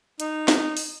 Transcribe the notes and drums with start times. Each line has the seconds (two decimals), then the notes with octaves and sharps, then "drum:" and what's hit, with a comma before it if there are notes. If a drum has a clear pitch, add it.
0.20 D#4, drum: hi-hat
0.48 drum: snare
0.77 drum: open hi-hat